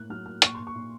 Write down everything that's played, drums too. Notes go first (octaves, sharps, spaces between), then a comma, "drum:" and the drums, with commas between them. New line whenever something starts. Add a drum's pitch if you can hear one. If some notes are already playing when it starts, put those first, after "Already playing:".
Already playing: A2 A#3 F#6
F#3 F6
A#3 F6
A#2 C#6, drum: hi-hat
A#2 C6
C#6
A#2